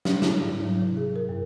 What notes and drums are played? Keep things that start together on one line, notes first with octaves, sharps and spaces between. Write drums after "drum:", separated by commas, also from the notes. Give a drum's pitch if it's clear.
drum: snare
E4, drum: snare
G#2
F#3
C3
G#4
A#4
F#2